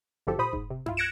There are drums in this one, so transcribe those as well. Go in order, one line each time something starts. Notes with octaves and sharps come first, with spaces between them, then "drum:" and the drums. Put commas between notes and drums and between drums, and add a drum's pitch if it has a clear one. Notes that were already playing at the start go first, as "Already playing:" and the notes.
G1 F#2 F3 G4 A4
A#2 C5 B5 D#6
G#2, drum: kick F1
C3
E4 F4, drum: tom F#2
F#6 G#6 A#6 C#7 D7 E7